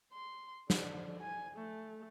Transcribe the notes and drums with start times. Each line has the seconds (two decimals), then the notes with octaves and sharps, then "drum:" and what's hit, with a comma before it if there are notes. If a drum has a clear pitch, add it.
0.13 C6
0.70 D3, drum: snare
1.20 G#5
1.57 A3